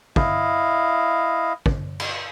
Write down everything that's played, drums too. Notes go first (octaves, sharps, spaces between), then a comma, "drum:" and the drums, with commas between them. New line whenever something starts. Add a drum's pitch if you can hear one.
E4 D#5 F5, drum: kick
drum: kick
drum: cymbal